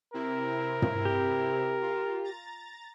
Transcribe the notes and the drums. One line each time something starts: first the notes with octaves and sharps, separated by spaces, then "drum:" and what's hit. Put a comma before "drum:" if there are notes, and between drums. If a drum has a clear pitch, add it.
C3 C4 E4 A#4
drum: tom
G4
F4
A#5 A6